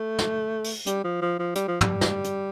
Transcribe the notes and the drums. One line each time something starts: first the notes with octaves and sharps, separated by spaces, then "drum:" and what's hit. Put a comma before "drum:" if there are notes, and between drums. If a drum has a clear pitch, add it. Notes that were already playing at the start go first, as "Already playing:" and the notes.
Already playing: A3
drum: snare
drum: open hi-hat
G3, drum: hi-hat
F3
F3
F3
G3, drum: hi-hat
F3
G3, drum: tom
drum: snare
drum: hi-hat